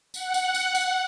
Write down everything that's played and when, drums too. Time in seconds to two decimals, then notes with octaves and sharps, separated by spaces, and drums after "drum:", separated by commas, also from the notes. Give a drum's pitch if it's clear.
0.14 F#5, drum: tambourine
0.34 drum: tambourine
0.54 drum: tambourine
0.75 drum: tambourine